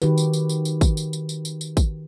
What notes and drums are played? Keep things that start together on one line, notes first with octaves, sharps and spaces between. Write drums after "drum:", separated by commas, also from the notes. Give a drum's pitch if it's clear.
D#3 F#4 G4 B4, drum: tambourine
drum: tambourine
drum: tambourine
drum: tambourine
drum: tambourine
drum: kick, tambourine
drum: tambourine
drum: tambourine
drum: tambourine
drum: tambourine
drum: tambourine
drum: kick, tambourine